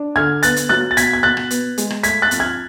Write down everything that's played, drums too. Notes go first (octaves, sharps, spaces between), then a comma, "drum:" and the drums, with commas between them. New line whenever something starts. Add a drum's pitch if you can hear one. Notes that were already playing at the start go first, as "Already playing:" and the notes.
Already playing: D4
D3 F6 G#6
B3 F#6 A6, drum: hi-hat
drum: hi-hat
F#3 F#6 A6
A6
B2 G#6 B6, drum: hi-hat
G#6
B2 F#6 A6
drum: rim click
B3, drum: hi-hat
G#3, drum: hi-hat
drum: rim click
A3 G#6 B6, drum: hi-hat
F#6 A6
F2, drum: hi-hat
F6 G#6